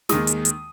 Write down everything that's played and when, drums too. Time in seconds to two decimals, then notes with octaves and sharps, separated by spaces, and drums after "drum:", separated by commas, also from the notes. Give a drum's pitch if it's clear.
0.09 D#2 D#3 G#3 D#6, drum: snare
0.27 drum: hi-hat
0.45 drum: hi-hat